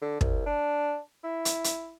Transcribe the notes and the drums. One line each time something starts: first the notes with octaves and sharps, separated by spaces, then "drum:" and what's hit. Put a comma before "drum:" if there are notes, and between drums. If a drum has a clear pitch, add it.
D3
C2, drum: kick
D4
E4
drum: hi-hat
drum: hi-hat